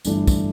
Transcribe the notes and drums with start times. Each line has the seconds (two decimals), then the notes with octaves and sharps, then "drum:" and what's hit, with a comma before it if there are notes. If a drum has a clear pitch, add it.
0.05 G1 G2 E3 A3 D4, drum: tambourine
0.27 drum: kick, tambourine